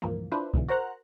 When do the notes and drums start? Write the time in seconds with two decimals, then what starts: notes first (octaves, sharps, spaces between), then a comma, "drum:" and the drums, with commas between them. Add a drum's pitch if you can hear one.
0.02 C#2 G2 A#2 E3 F3 A#3
0.32 D4 E4 F4 B4 C5
0.54 G#2 B2 D3 E3, drum: kick C2
0.69 F#4 A#4 C5 F#5 A#5 F#6